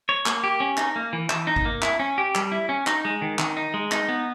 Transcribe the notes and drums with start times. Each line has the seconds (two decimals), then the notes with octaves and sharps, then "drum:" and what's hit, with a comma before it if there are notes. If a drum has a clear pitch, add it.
0.09 C#5
0.26 A#3, drum: clap
0.44 G4
0.60 C#4
0.77 D#4, drum: clap
0.96 A#3
1.13 E3
1.30 E3, drum: clap
1.47 D#4
1.56 drum: kick G#1
1.65 A#3
1.82 E4, drum: clap
1.99 C#4
2.18 G4
2.35 G3, drum: clap
2.52 E4
2.69 C#4
2.87 D#4, drum: clap
3.05 G#3
3.22 D#3
3.39 D#3, drum: clap
3.57 D#4
3.74 G#3
3.92 D#4, drum: clap
4.09 B3